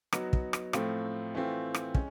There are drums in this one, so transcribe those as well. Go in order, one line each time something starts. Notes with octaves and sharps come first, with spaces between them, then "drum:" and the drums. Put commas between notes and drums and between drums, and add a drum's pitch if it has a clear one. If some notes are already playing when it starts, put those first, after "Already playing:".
F#3 B3 D#4 F#4, drum: rim click
drum: kick
drum: rim click
A2 F3 A3 C4 F4, drum: rim click
E3 A3 C4 F4
drum: rim click
G#3 C#4, drum: kick